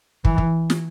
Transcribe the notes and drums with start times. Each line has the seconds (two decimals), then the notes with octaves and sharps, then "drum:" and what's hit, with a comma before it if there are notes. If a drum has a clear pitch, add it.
0.25 E3, drum: kick
0.38 drum: kick
0.70 drum: snare